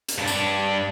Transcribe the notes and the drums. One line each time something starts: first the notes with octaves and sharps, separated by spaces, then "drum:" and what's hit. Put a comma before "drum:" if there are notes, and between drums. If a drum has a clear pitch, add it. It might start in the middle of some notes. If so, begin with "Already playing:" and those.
drum: hi-hat
G2 D4
drum: tambourine